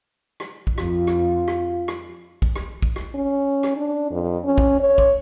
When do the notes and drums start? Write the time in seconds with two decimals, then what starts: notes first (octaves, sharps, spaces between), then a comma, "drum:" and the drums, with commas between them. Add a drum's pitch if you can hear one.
0.40 drum: rim click
0.67 drum: kick
0.78 F2 F4, drum: rim click
1.07 drum: rim click
1.48 drum: rim click
1.88 drum: rim click
2.42 drum: kick
2.56 drum: rim click
2.83 drum: kick
2.96 drum: rim click
3.15 C#4
3.63 drum: rim click
3.77 D4
4.11 F2
4.44 C#4
4.58 drum: kick
4.80 C#5
4.98 drum: kick